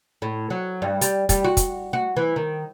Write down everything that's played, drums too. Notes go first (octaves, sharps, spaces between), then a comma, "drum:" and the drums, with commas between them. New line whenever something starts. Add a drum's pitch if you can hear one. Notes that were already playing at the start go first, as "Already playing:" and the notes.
A2
F#3
G2
G3, drum: hi-hat
G3, drum: kick, hi-hat
F#4
drum: kick, hi-hat
F#4
E3
D#3